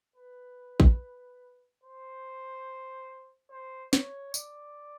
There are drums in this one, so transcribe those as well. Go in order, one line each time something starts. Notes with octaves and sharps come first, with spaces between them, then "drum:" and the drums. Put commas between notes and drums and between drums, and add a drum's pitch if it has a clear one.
B4
drum: kick A1
C5
C5
C#5, drum: snare
D5, drum: tambourine